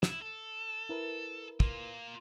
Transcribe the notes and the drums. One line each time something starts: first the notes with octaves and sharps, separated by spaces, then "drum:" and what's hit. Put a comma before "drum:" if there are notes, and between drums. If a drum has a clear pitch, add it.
E4, drum: snare
A4
E4 A#4 B4
A#3 F4, drum: kick